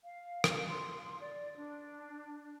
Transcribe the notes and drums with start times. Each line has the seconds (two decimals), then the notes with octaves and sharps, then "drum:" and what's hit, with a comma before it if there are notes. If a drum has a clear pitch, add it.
0.04 F5
0.44 drum: rim click
0.67 C6
1.21 D5
1.56 D4